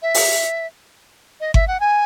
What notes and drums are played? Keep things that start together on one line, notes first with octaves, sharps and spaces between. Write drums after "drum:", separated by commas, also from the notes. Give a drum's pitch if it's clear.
E5
drum: open hi-hat
D#5
E5, drum: kick G1
F#5
G#5